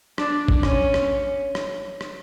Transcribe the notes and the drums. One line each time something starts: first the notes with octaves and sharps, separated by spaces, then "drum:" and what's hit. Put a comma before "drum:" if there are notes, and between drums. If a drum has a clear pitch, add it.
D4, drum: rim click
drum: kick A1
C#4, drum: rim click
drum: rim click
drum: rim click
drum: rim click